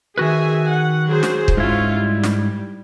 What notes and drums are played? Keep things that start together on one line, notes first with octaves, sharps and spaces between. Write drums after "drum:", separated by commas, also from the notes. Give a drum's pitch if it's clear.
D#3 F#4 G#4 B4 E5 G#5
F#5
F#3 G#4 C5
drum: snare
drum: kick
G#2 C#4 E4 F4
G3
drum: snare